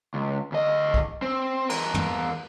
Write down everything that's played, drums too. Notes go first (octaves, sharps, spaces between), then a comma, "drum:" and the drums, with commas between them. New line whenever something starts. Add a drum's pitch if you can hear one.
C#2
D2 D#5
drum: kick
C4
E2 A#4, drum: cymbal
drum: tom